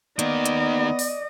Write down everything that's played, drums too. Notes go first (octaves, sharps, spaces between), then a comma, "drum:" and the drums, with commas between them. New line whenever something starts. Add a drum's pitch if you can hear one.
D#3 A#3 B3 D5 D#5, drum: hi-hat
drum: hi-hat
drum: open hi-hat